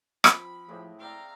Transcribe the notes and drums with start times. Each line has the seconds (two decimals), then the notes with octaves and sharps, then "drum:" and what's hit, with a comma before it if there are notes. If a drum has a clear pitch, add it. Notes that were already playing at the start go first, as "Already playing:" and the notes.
0.24 F3 C4 B5, drum: rim click
0.68 A2 F3 G#3 G4 D#5
0.99 C4 D5 E5 F5 G5 A#5